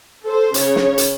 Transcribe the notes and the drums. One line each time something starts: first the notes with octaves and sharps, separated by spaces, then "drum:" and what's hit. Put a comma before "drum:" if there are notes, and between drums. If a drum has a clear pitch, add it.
A4 C5
C#3 C#5, drum: hi-hat
drum: snare
drum: hi-hat